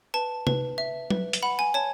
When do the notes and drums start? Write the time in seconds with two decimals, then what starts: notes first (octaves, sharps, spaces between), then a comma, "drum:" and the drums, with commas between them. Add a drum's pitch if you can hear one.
0.14 B4 A5
0.47 B4, drum: tom C3
0.78 E5
1.10 B4, drum: tom F#3
1.33 drum: hi-hat
1.43 F#5 B5
1.59 G#5
1.74 C#5 A5